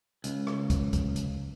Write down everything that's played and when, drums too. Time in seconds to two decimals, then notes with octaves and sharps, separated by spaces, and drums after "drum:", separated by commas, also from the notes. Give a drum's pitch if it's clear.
0.24 C#2, drum: hi-hat
0.47 drum: rim click
0.70 drum: kick, hi-hat
0.93 drum: kick, hi-hat
1.16 drum: hi-hat